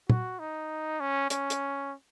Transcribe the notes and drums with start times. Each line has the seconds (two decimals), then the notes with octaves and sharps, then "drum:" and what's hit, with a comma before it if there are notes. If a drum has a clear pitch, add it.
0.10 F#4, drum: tom
0.39 D#4
1.00 C#4
1.30 C#4, drum: hi-hat
1.50 drum: hi-hat